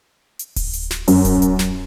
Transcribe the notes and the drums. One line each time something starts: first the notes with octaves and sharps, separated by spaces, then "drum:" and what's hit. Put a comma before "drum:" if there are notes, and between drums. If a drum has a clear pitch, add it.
drum: hi-hat
drum: kick D1, open hi-hat
drum: hi-hat
drum: snare
F#2, drum: open hi-hat
drum: kick D1, hi-hat
drum: hi-hat
drum: snare